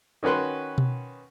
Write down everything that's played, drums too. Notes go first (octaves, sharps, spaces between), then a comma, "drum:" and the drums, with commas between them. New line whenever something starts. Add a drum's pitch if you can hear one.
D#3 C#4 F#4 B4 C6
drum: tom B2